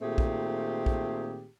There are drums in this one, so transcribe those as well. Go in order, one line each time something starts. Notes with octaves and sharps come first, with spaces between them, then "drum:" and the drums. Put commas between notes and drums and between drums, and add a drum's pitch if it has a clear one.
A#2 D#3 A3 C4 G4 G#4
drum: kick
drum: kick